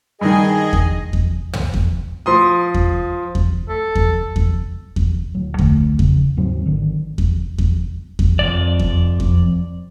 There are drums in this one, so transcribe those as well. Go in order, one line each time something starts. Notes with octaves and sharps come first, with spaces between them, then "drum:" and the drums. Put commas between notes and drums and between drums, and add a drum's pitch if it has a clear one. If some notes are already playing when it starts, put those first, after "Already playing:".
G2 D#3 G#4 D#5 G#5
drum: kick E2
drum: kick E2
drum: tom
drum: kick E2
F3 C6 D#6
drum: kick E2
drum: kick E2
A4
drum: kick E2
drum: kick E2
drum: kick E2
D1 F#3
C#2 D3 A3, drum: kick E2
C#3, drum: kick E2
D#2 G#2 F#3 C4
G#1 D3 D#3
drum: kick E2
drum: kick E2
drum: kick E2
F2 C3 D5
drum: kick E2
drum: kick E2